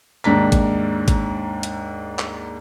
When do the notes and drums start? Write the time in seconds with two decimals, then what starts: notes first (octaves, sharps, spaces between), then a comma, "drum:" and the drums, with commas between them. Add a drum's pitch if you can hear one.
0.24 D#2 G#2 D4 A#5 B6
0.52 drum: kick G#1, hi-hat
1.08 drum: kick G#1, hi-hat
1.63 drum: hi-hat
2.19 drum: clap